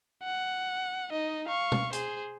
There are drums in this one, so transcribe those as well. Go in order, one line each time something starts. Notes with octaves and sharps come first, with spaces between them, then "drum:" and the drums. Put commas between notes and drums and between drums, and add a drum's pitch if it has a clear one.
F#5
D#4 D#5
F5 C#6
drum: tom B2
G#4 C5, drum: hi-hat